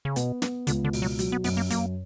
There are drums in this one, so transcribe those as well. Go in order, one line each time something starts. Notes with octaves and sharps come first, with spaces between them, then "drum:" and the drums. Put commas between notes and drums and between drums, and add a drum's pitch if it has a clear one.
C#3
B2 B3, drum: hi-hat
B3, drum: snare
C#2 D3, drum: hi-hat
D3
B2, drum: open hi-hat
F#3
F#3, drum: hi-hat
B3
F#2 B3, drum: open hi-hat
A#3
F#2 A#3, drum: hi-hat